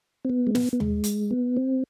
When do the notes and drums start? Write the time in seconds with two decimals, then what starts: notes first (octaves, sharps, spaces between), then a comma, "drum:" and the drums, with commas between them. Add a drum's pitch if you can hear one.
0.25 C4
0.30 B3
0.47 G#3
0.55 B3, drum: snare
0.73 B3
0.80 G#3, drum: tom D#2
1.04 drum: hi-hat
1.31 B3
1.57 C4